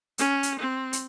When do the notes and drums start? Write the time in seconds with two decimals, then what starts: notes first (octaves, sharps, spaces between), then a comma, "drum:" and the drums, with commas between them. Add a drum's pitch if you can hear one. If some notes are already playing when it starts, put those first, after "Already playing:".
0.18 C#4, drum: hi-hat
0.43 drum: hi-hat
0.59 C4
0.93 drum: hi-hat